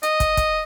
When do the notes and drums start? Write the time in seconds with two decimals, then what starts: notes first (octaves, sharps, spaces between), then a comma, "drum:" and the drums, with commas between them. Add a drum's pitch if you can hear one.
0.03 D#5, drum: hi-hat
0.20 drum: kick, hi-hat
0.37 drum: kick, hi-hat